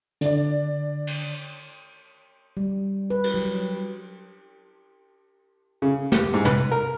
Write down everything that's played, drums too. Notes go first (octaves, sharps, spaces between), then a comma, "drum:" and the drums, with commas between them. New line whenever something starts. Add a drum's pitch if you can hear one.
D3 D4 D5, drum: hi-hat
drum: cymbal
G3
B4
drum: cymbal
F#3
C#3
G4, drum: snare
G#2
B4, drum: tom
A#4